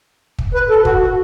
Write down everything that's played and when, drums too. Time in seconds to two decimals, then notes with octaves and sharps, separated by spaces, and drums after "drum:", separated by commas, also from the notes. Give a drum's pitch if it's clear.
0.39 drum: kick
0.54 B4
0.70 A4
0.85 F#4, drum: kick
1.01 F#4